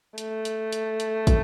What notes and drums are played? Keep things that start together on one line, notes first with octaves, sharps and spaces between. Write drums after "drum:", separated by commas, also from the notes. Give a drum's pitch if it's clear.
A3, drum: hi-hat
drum: hi-hat
drum: hi-hat
drum: hi-hat
drum: kick, hi-hat